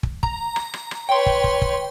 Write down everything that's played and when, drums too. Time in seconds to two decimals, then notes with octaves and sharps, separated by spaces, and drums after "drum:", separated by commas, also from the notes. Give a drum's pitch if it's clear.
0.03 drum: kick
0.23 A#5, drum: kick
0.56 drum: rim click
0.74 drum: rim click
0.91 drum: rim click
1.09 B4 C#5 G5 C6
1.26 drum: kick
1.44 drum: kick
1.62 drum: kick